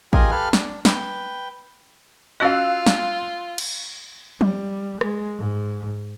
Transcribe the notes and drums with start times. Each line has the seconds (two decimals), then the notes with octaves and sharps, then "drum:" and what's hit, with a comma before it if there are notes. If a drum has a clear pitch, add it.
0.13 F4 G4 G#4 A#4 D#5 G#5, drum: kick A1
0.31 G4 A4 B4 F5 F6 F#6
0.53 D4, drum: snare
0.85 B4 G5, drum: snare
2.40 C#4 F4 F#4 D#5 F5 E6 F#6
2.86 drum: snare
3.58 drum: cymbal
4.41 G3, drum: tom
5.01 G#3, drum: rim click
5.38 G#2